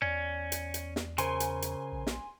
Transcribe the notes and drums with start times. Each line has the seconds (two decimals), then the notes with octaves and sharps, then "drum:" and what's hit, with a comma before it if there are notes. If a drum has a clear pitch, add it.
0.02 E2 C#4 D5
0.52 drum: hi-hat
0.74 drum: hi-hat
0.96 drum: snare
1.18 C#3 A#4 C5 G#5 A#5 C6, drum: hi-hat
1.40 drum: hi-hat
1.62 drum: hi-hat
1.92 A#1
2.07 drum: snare